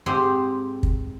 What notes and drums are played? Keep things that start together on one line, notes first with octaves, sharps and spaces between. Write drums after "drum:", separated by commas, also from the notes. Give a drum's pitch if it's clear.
G#2 C4 G4 C5 G#5 C6
drum: kick